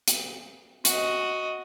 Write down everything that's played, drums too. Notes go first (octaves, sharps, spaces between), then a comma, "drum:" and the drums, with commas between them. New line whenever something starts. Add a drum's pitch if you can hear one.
drum: hi-hat
F#4 D#5, drum: hi-hat